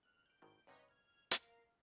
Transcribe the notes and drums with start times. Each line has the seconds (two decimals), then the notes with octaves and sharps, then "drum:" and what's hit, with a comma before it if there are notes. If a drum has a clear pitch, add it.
0.03 F6 F#6
0.26 G6 D7
0.42 G#1 A2 D#3
0.67 F#2 C3 D#4 B4 C#5 D#5
0.88 F6 G#6
1.31 A#4 F5, drum: hi-hat